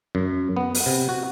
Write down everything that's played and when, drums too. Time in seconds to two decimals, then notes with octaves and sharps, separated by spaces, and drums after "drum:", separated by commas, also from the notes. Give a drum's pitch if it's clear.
0.15 F#2
0.57 B3
0.75 drum: open hi-hat
0.86 C3
1.09 F#4